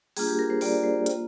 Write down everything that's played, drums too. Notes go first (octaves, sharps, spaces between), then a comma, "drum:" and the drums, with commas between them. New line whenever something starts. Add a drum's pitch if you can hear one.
G3 A#3 D4 F4 G#4, drum: open hi-hat
G4
A#4
C5
G3 A#3 D4 F4 D5, drum: open hi-hat
C5
A#3 F4, drum: hi-hat